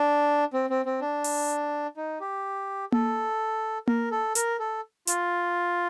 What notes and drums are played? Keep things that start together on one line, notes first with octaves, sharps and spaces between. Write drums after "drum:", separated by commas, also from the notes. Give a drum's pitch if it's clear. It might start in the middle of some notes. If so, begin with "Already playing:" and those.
Already playing: D4
C4
C4
C4
D4
drum: open hi-hat
D#4
G4
A4, drum: tom A#3
A#4, drum: tom A#3
A4
A#4, drum: hi-hat
A4
F4, drum: hi-hat